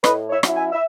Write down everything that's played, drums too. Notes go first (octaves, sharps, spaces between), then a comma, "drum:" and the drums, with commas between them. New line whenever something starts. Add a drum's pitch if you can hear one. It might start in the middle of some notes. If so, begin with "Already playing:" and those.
A2 B4 D#5, drum: rim click
C#5 E5
F#3 C#4 E4, drum: rim click
E5 G#5
E5